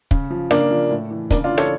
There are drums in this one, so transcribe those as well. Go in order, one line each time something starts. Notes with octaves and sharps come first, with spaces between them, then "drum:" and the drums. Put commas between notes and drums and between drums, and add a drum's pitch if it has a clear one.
C#3, drum: kick
F3
C#3 A#3 D4, drum: rim click
F3
A2
E3
C#3 A#3 D4, drum: kick, hi-hat
D4 F4
E3
A4 C#5, drum: rim click